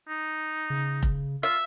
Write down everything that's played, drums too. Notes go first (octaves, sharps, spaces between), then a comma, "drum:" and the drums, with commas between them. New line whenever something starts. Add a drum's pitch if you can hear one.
D#4
C#3
drum: kick F1
F4 E5